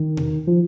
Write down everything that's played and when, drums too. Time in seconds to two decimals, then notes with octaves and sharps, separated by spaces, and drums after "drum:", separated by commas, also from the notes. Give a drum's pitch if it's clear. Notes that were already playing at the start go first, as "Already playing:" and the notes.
Already playing: D#3
0.17 drum: tom B2
0.47 F3